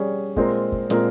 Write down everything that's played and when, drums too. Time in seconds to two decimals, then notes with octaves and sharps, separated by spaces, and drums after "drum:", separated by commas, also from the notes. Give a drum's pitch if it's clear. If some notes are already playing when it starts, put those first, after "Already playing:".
Already playing: G3 C#4 G#4
0.36 A#2 G#3 C4 F4 A#4, drum: kick
0.72 drum: kick
0.90 A#2 G#3 C4 F4 A#4, drum: snare